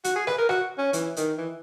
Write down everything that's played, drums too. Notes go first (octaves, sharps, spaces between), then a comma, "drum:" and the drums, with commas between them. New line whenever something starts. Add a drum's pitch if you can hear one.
F#4, drum: hi-hat
G#4
B4, drum: rim click
A#4
F#4, drum: rim click
C#4
E3, drum: hi-hat
D#3, drum: hi-hat
E3